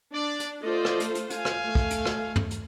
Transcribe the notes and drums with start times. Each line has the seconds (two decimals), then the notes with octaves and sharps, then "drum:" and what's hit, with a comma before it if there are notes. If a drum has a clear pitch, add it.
0.13 D4 D5
0.40 drum: hi-hat
0.62 A3 F4 C5 D5 D#5
0.85 drum: rim click
1.00 drum: hi-hat
1.15 drum: hi-hat
1.30 F5 G#5, drum: hi-hat
1.45 drum: rim click
1.66 A3
1.75 drum: kick
1.90 drum: hi-hat
2.05 drum: rim click
2.36 drum: tom
2.51 drum: hi-hat